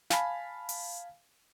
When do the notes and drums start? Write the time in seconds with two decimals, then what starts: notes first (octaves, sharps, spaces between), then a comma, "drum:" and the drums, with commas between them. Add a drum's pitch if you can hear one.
0.10 F5 G#5 A5 B5, drum: snare
0.69 drum: open hi-hat